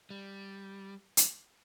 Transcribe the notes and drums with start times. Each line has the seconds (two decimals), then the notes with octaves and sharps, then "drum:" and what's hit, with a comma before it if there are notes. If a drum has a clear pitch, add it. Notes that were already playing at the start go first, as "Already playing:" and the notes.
0.10 G3
1.17 drum: hi-hat